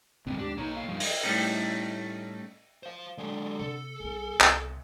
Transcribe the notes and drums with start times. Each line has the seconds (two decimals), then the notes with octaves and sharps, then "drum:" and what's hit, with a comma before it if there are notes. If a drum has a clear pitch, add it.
0.27 A#1 F#2 D3 G3 C4
0.38 D#2 G#2 D4 G4
0.57 B1 B2 A#3 D#4 C#5
0.75 F5
0.88 G2 F3 D#4
1.00 drum: open hi-hat
1.23 A2 G3 A3 C#4 D#4
2.83 C5 F5
3.18 D3 F#3 G#3
3.59 C3 A4
4.00 B1 G3 G#4
4.40 C2 B2, drum: clap